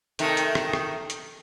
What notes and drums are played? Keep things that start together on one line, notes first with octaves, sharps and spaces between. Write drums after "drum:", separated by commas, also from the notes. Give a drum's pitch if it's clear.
C3 D#3 A3, drum: hi-hat
drum: hi-hat
drum: rim click
drum: rim click
drum: hi-hat